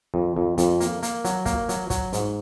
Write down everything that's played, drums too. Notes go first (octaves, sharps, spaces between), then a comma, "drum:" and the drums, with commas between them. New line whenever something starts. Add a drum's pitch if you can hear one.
F2
F2
F2, drum: hi-hat
A#3, drum: hi-hat
A#3, drum: hi-hat
F#3, drum: hi-hat
A#3, drum: kick, hi-hat
F#3, drum: hi-hat
F#3, drum: kick, hi-hat
G#2, drum: hi-hat